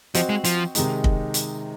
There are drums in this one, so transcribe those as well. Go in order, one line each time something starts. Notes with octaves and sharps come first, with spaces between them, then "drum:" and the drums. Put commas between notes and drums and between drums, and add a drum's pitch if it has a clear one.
F3 C4 F#4 C5 D#5, drum: hi-hat
G#3
F3, drum: hi-hat
C3 D#3 G#3 D#4, drum: hi-hat
drum: kick
drum: hi-hat